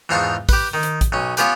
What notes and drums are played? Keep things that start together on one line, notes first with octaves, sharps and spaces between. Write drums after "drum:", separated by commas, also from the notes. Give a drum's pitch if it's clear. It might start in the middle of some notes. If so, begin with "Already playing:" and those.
E2 G#2 F4 F5 A5 C#6
G4 B4, drum: kick, open hi-hat
D#3
drum: hi-hat
drum: kick, hi-hat
B1 C#4
B3 C#4 F4 G4 B4 G#5, drum: hi-hat